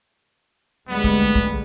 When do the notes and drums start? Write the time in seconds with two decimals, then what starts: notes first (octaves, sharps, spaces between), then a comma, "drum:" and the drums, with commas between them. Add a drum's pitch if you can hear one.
0.89 D2 G3 G#3 B3
1.04 drum: kick
1.35 drum: kick